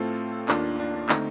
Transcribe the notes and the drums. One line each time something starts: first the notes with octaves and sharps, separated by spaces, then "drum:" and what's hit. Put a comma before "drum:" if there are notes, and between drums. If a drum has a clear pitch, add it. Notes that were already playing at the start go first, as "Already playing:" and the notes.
Already playing: A2 A3 C4 F4 A4
D#2 D#3 A#3 D4 F4, drum: clap
D4
D4
D3 A3 C4 D#4, drum: clap